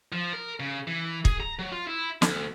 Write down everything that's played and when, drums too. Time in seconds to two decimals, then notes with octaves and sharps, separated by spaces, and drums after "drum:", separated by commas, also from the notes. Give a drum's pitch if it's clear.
0.12 F3
0.33 A#4
0.60 C#3
0.87 E3
1.25 G#4, drum: kick
1.40 A#5
1.59 F#3
1.71 F4
1.87 E4
2.22 D2, drum: snare